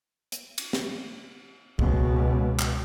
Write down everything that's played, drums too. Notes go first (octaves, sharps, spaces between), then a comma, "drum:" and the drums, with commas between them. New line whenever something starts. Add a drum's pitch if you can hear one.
drum: hi-hat
drum: cymbal
drum: snare
C#2 B2, drum: kick
drum: clap